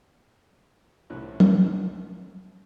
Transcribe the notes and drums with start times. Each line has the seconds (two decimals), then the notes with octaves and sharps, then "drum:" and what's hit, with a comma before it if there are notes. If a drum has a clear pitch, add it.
1.10 C2 A2 C3 E3 C#4 F#6
1.40 drum: tom